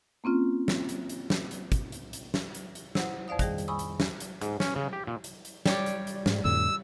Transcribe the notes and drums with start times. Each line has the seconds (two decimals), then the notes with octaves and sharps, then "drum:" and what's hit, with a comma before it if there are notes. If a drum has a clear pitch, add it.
0.24 A#3 C4 C#4 F4
0.68 drum: snare
0.89 drum: hi-hat
1.09 drum: hi-hat
1.30 drum: snare
1.51 drum: hi-hat
1.72 drum: kick, hi-hat
1.92 drum: hi-hat
2.13 drum: hi-hat
2.34 drum: snare
2.55 drum: hi-hat
2.75 drum: hi-hat
2.95 E4 C5 F#5, drum: snare
3.28 F2 C5 D5 F5 D#6
3.39 D#3 G3 G#4 G5, drum: kick, hi-hat
3.58 drum: hi-hat
3.68 G#5 B5 C#6 D#6 E6
3.79 drum: hi-hat
4.00 drum: snare
4.20 drum: hi-hat
4.41 G#2, drum: hi-hat
4.60 C#4, drum: snare
4.76 C#3
4.93 G4
5.07 A#2
5.24 drum: hi-hat
5.45 drum: hi-hat
5.66 G3 C#5 D5, drum: snare
5.86 drum: hi-hat
6.07 drum: hi-hat
6.26 G#2, drum: snare
6.45 F2 A2 D3 E6